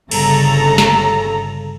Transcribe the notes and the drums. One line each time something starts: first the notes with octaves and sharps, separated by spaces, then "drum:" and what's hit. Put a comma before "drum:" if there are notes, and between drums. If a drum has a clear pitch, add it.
G1 C#3 A4 A#5, drum: cymbal
drum: snare